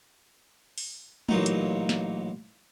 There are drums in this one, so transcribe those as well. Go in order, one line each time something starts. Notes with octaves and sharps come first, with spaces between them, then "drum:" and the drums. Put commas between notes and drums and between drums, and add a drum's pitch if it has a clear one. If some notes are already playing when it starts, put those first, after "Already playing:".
drum: open hi-hat
A1 A#2 F#3 D#4, drum: tom G#3
drum: hi-hat
drum: snare